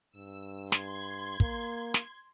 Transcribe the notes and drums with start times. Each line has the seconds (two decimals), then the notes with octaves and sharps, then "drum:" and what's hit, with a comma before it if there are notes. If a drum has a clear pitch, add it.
0.16 G2 E6
0.72 C6 G#6, drum: snare
1.40 A#3, drum: kick
1.94 drum: snare